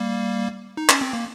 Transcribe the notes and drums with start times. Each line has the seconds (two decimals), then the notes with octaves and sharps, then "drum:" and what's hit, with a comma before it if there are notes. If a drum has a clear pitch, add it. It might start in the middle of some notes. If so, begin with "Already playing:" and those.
Already playing: G3 A#3
0.77 D#4
0.89 C#4, drum: clap
1.01 C4
1.13 A#3